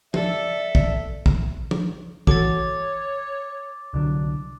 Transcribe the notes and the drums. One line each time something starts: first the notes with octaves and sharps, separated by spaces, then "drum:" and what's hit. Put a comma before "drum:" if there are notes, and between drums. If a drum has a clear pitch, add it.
A4 D5 E5, drum: tom
drum: kick
drum: kick
drum: tom
E3 F#4 A4 C#5 D6 A6, drum: kick
C2 D3 F#3 D4